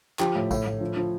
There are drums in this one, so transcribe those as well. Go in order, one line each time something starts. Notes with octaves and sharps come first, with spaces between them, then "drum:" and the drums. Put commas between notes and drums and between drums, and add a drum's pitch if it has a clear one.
F3 G4, drum: clap
A2
A2, drum: kick A1, tambourine
A2
F3
F3